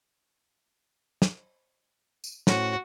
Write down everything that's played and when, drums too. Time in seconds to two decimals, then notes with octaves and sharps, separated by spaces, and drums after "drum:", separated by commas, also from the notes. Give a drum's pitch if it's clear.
1.22 drum: snare
2.24 drum: tambourine
2.47 A2 C#4 F#4 C5, drum: snare